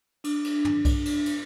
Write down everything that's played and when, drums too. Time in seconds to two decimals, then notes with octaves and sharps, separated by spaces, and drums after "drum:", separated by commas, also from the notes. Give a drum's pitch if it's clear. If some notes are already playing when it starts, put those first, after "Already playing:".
0.24 D4, drum: cymbal
0.44 drum: cymbal
0.65 drum: tom
0.85 drum: kick B1, cymbal
1.05 drum: cymbal
1.26 drum: cymbal